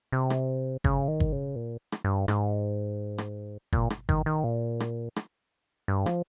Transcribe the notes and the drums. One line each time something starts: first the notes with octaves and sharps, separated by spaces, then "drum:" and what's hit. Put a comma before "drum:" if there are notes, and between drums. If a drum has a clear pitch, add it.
C3
drum: rim click
C#3, drum: kick G1
D#3
drum: kick G1
C#3
A#2
drum: rim click
G2
G#2, drum: rim click
drum: rim click
A#2, drum: kick G1
drum: rim click
D#3, drum: kick G1
D#3
A#2
drum: rim click
drum: rim click
G2
F3, drum: rim click